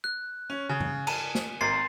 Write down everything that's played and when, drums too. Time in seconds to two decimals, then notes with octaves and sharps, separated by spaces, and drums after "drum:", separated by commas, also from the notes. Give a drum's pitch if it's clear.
0.04 F#6
0.50 C#4
0.69 C#3 G#5
0.80 drum: tom G#2
1.07 A5 D#7 E7, drum: cymbal
1.35 drum: snare
1.61 G#1 A#4 C6 A6 C7